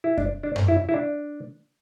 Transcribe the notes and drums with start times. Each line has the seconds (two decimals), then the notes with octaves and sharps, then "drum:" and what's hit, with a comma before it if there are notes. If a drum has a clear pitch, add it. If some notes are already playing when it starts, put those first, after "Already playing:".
0.04 E4
0.18 D4, drum: kick F#2
0.43 D4
0.56 drum: tom F#2
0.68 E4
0.89 E4
0.94 D4